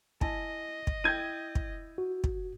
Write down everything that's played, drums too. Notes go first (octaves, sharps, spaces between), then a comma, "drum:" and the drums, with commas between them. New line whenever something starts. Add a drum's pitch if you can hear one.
E4 D#5 G#5 A5, drum: kick
drum: kick
E4 G5 G6 G#6 D#7
drum: kick
F#4
drum: kick